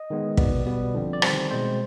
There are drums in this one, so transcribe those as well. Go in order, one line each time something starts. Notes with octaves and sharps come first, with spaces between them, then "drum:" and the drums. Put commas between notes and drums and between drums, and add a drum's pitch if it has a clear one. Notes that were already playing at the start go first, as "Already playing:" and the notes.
Already playing: D#5
D#3 G#3 B3
B2 B3 D5, drum: kick
B2 G3 B3
D3 F3 C4
D5
D#3 G3 C4 C5, drum: rim click
B2 G#3 C4 C5